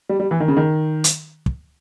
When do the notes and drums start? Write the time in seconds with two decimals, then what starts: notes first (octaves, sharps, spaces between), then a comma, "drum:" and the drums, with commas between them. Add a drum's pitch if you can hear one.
0.09 G3
0.20 G3
0.31 E3
0.40 D#3
0.48 C#3
0.57 D#3
1.04 drum: hi-hat
1.46 drum: kick